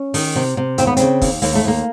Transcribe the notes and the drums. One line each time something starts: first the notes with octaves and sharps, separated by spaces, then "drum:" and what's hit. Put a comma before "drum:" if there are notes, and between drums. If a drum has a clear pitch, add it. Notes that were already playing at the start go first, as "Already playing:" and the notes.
Already playing: C#4
D#3, drum: open hi-hat
C3
C3
D#2 C4, drum: hi-hat
B3
C#3 C4, drum: hi-hat
D#2, drum: kick, open hi-hat
D#2 A#3, drum: open hi-hat
A3
D#2 A#3